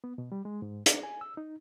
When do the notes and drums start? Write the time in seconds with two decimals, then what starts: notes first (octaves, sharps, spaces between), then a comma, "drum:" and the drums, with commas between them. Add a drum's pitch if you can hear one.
0.04 B3
0.18 B2
0.32 G3
0.45 G#3
0.62 G#2
0.86 D4, drum: hi-hat
1.03 G#5
1.21 E6
1.37 D#4